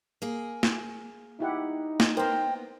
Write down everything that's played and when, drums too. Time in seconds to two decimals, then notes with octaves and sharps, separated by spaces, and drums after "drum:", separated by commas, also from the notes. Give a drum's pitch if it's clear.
0.22 A#3 G#4
0.63 drum: snare
1.40 D#4 E4 G4 F#5
2.00 drum: snare
2.17 A#3 B3 A#4 C5 G5